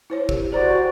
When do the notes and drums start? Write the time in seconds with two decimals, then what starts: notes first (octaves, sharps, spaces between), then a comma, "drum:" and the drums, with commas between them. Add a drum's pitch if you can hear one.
0.10 E4 C5 C#5
0.29 G4 A#4, drum: kick
0.52 F#4 G#4 C5 D5 A#5
0.75 G5